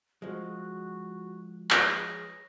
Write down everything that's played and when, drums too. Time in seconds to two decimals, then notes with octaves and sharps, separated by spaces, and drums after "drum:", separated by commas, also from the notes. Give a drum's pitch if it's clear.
0.22 F3 G#3 F#4
1.71 G#4 B4 C#5 D#5 A#6, drum: clap